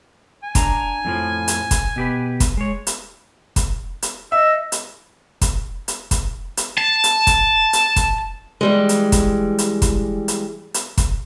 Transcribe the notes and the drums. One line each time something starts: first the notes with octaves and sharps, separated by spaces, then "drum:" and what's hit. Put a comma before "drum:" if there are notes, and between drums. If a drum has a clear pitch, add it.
G#5
D4 A#5, drum: kick, hi-hat
F2 A2 F3
drum: hi-hat
drum: kick, hi-hat
B2 G4 B4
drum: kick, hi-hat
G#3 C#5
drum: hi-hat
drum: kick, hi-hat
drum: hi-hat
D#5 E5 E6
drum: hi-hat
drum: kick, hi-hat
drum: hi-hat
drum: kick, hi-hat
drum: hi-hat
A5
drum: hi-hat
drum: kick, hi-hat
drum: hi-hat
drum: kick, hi-hat
E3 G3 G#3
drum: hi-hat
drum: kick, hi-hat
drum: hi-hat
drum: kick, hi-hat
drum: hi-hat
drum: hi-hat
drum: kick, hi-hat